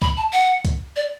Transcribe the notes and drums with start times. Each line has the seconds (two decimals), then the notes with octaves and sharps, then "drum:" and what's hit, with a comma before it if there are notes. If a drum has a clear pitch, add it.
0.02 B5, drum: kick
0.17 A5
0.33 F#5
0.65 drum: kick, hi-hat
0.96 D5